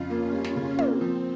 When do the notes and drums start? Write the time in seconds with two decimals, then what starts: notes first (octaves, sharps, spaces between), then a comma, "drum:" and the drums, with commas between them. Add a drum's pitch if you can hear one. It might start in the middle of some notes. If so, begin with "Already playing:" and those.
Already playing: F2 C#3 F4
0.10 A#3 C#4
0.33 G3
0.44 drum: snare
0.56 C#3
0.79 A#3 C4, drum: tom
1.01 F3